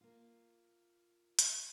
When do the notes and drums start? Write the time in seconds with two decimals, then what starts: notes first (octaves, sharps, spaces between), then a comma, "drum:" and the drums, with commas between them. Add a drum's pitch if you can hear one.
0.01 A#3 F4
1.39 drum: hi-hat